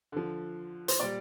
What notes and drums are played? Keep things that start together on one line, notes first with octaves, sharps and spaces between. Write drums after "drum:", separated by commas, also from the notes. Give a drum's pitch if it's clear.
D3 F3
C5, drum: hi-hat
A#2 G3 D5